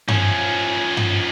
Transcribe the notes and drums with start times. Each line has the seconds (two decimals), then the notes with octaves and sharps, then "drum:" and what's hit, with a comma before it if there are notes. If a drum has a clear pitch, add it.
0.08 F3 C#4, drum: tom G2
0.97 drum: tom G2